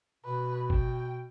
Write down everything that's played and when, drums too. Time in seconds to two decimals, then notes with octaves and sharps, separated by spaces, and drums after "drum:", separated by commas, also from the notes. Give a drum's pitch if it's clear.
0.24 B2 B4
0.70 G5, drum: kick G1